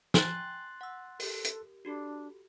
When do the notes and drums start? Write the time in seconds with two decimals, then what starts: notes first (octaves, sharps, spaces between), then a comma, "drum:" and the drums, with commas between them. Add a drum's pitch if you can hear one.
0.14 G5 G#5 A#5 C6 F#6 A6, drum: snare
0.81 F#5 E6
1.20 G4 A4 A#4, drum: open hi-hat
1.44 drum: hi-hat
1.85 D4 F#4 G4 A4